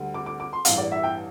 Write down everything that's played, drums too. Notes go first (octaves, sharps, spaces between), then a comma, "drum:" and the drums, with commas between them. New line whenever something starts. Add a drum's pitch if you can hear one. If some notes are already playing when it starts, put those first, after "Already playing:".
Already playing: D2 D3 G3
D6
D6
D6
C6
A1 G2 E3 F5, drum: hi-hat
D5
E5
G5